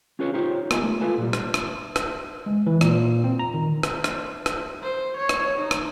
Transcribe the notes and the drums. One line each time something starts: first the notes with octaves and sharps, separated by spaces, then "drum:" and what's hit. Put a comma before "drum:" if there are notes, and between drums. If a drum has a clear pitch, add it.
C#4 F4 G#4 B4 C#5
D#4 F4 G4 C5 C#5
B3 F4 A#4 C#5 D#5 G#5, drum: rim click
A3
F4 G4 A4 B4 G#5 A5
A#2 G3
drum: rim click
drum: rim click
drum: rim click
G#3
E3
A#2, drum: rim click
C4
A#5
D#3
drum: rim click
drum: rim click
drum: rim click
C5
C#5
drum: rim click
D#4
drum: rim click